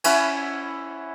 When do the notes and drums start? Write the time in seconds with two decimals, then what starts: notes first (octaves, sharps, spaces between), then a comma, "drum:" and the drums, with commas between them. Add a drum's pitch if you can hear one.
0.04 C#4 E4 F#5 B5, drum: cymbal